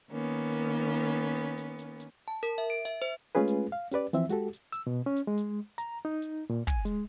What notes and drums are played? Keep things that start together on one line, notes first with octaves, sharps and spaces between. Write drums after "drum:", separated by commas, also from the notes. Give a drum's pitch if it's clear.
D#3 A#3 B3 C#4
drum: hi-hat
drum: hi-hat
drum: hi-hat
drum: hi-hat
drum: hi-hat
drum: hi-hat
A5
A#4, drum: hi-hat
E5
D7
E5, drum: hi-hat
C5
G#3 A3 C#4 F4 G#4 B4
drum: hi-hat
F5
C#4 G4 B4 D5, drum: hi-hat
E3 F3 C4 E5, drum: hi-hat
G#3 F#4 G4 A4, drum: hi-hat
drum: hi-hat
E6, drum: hi-hat
B2
C#4
drum: hi-hat
G#3
drum: hi-hat
A#5, drum: hi-hat
D#4
drum: hi-hat
A#2
G#5, drum: kick, hi-hat
G#3, drum: hi-hat